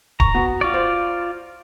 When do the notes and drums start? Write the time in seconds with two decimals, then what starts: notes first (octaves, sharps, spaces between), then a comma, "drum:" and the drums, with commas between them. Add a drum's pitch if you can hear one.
0.20 A#5 C#6, drum: kick D1
0.34 B3 F#4
0.61 F4 D5 C#6
0.74 C5